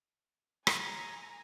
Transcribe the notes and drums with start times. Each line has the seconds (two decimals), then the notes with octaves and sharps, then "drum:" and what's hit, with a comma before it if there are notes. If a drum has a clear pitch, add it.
0.67 G#5 A#5, drum: rim click